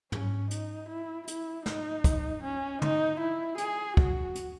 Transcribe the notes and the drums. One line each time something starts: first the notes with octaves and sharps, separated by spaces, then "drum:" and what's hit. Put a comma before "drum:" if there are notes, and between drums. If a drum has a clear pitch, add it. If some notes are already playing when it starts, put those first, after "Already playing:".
C#4, drum: tom
D#4, drum: hi-hat
E4
E4, drum: hi-hat
D#4, drum: snare
drum: kick, hi-hat
C#4
D#4, drum: tom
E4
G#4, drum: hi-hat
F#4, drum: kick
drum: hi-hat